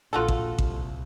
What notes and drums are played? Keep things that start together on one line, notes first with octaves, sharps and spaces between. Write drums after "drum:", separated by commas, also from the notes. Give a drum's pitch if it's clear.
A#1 F4 F#4 A4
drum: kick A1
C2, drum: kick A1